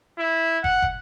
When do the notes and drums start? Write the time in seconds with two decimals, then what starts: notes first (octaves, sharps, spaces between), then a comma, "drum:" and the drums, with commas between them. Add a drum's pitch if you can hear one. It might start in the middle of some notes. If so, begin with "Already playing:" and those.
0.19 E4
0.64 F#5, drum: kick
0.82 drum: kick